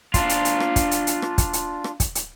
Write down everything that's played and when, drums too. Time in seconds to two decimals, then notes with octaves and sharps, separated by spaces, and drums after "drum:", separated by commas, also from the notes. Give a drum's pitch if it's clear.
0.14 D4 F4, drum: kick, hi-hat
0.29 drum: hi-hat
0.45 drum: hi-hat
0.60 drum: rim click
0.76 drum: kick, hi-hat
0.91 drum: hi-hat
1.07 drum: hi-hat
1.22 drum: rim click
1.38 drum: kick, hi-hat
1.53 drum: hi-hat
1.84 drum: rim click
2.00 drum: kick, hi-hat
2.15 drum: hi-hat